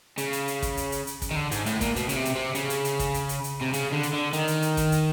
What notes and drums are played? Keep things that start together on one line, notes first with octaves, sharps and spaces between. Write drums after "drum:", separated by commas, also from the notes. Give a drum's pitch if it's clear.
C#3, drum: hi-hat
drum: hi-hat
drum: hi-hat
drum: kick, hi-hat
drum: hi-hat
drum: hi-hat
drum: hi-hat
drum: kick, hi-hat
D#3
D3
G#2, drum: hi-hat
A2, drum: hi-hat
A#2, drum: kick, hi-hat
B2, drum: hi-hat
C#3, drum: hi-hat
C3
drum: hi-hat
C3
C#3, drum: hi-hat
drum: hi-hat
drum: hi-hat
drum: kick, hi-hat
drum: hi-hat
drum: hi-hat
drum: hi-hat
C3
C#3, drum: hi-hat
D3
drum: hi-hat
D3
D#3, drum: hi-hat
drum: hi-hat
drum: hi-hat
drum: kick, hi-hat
drum: hi-hat